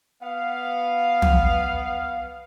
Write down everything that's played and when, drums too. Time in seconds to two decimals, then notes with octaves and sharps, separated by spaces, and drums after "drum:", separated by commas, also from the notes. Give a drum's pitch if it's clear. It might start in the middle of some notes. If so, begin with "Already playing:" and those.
0.22 B3 F5
1.22 drum: tom